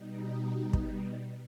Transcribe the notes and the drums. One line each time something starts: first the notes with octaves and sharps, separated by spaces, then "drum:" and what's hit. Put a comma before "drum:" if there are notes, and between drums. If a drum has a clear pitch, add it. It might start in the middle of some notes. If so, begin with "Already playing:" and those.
Already playing: B2 G3 D#4
drum: kick